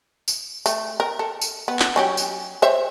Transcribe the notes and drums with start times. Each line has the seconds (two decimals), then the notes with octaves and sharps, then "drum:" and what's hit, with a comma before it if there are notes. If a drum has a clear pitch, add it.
0.28 drum: tambourine
0.66 A3, drum: tambourine
1.00 A#4
1.19 A4
1.42 drum: tambourine
1.68 B3
1.79 drum: clap
1.96 F#3 C#4 G4
2.17 drum: tambourine
2.62 C5 C#5 E5